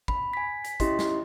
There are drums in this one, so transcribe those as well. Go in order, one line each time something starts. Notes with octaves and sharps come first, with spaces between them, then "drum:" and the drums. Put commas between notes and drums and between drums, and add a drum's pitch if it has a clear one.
B5, drum: kick
G#5 B6
B6, drum: hi-hat
C#4 E4 G4 D#5 C6, drum: kick, hi-hat
drum: snare